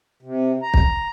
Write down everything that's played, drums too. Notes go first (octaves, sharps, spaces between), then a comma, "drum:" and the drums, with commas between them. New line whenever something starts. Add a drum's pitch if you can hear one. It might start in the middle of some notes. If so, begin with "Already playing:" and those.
C3
A#5
drum: kick